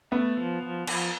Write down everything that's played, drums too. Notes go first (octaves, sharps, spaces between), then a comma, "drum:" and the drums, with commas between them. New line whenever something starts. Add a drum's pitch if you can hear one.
A3 B3
F3
F3
F3, drum: cymbal